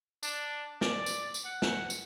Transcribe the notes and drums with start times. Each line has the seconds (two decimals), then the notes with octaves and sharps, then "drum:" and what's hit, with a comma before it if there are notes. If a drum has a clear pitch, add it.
0.23 D4, drum: tambourine
0.81 D5, drum: snare
1.06 drum: tambourine
1.34 drum: tambourine
1.45 F#5
1.62 drum: snare
1.90 drum: tambourine